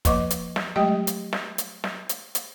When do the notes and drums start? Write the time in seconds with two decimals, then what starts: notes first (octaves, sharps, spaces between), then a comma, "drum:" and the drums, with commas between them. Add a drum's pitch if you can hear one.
0.05 F3 A#3 B4 D#5 C#6 D6, drum: kick, hi-hat
0.30 drum: hi-hat
0.56 drum: snare
0.76 F#3 G#3 A3 G4 D#5 G5
1.07 drum: hi-hat
1.33 drum: snare
1.58 drum: hi-hat
1.84 drum: snare
2.09 drum: hi-hat
2.35 drum: hi-hat